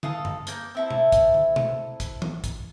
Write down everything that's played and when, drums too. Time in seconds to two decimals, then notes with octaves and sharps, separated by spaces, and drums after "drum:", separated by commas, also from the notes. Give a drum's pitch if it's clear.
0.03 A4 F5 D#6, drum: tom
0.25 drum: tom F#2
0.47 A#3 G6, drum: hi-hat
0.75 C4 E4 A4
0.91 drum: tom B2
1.12 drum: kick, hi-hat
1.34 drum: tom
1.56 drum: tom B2
2.00 drum: kick, hi-hat
2.22 drum: tom
2.44 drum: kick, hi-hat